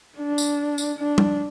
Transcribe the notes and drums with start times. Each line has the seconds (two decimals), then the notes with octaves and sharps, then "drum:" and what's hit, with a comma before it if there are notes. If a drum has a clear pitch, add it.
0.18 D4
0.38 drum: tambourine
0.78 drum: tambourine
0.98 D4
1.18 drum: tom G3